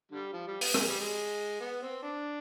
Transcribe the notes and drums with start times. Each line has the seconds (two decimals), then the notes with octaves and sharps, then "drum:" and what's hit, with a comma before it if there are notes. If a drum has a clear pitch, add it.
0.12 D3 G3
0.33 F3
0.47 G3
0.61 B3, drum: open hi-hat
0.74 G#3, drum: rim click
0.88 G3
1.00 G#3
1.60 B3
1.82 C4
2.03 D4